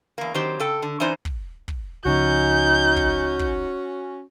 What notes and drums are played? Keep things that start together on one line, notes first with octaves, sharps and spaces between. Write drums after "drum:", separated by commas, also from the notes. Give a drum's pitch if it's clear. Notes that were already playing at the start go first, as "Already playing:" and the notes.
E2 A#3
D#3 F#3 C4 G4 C5
C#3 A4 G5
D3
E3 C#4 D#4 C5 D5
drum: kick
drum: kick
C#2 C#3 F3 C#4 D#4 F#4 G6
drum: kick
drum: kick